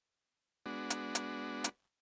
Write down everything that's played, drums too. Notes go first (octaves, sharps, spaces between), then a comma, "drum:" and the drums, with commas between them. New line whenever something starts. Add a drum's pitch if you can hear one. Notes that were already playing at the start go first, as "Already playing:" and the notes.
G#3 B3 D4 F#4
drum: hi-hat
drum: hi-hat
drum: hi-hat